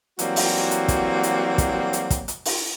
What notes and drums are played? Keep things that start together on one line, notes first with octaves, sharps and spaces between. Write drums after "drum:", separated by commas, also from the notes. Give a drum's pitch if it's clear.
E3 F#3 G3 A#3 C4 F#4, drum: hi-hat
drum: open hi-hat
drum: hi-hat
drum: kick, hi-hat
drum: hi-hat
drum: kick, hi-hat
drum: hi-hat
drum: kick, hi-hat
drum: hi-hat
drum: open hi-hat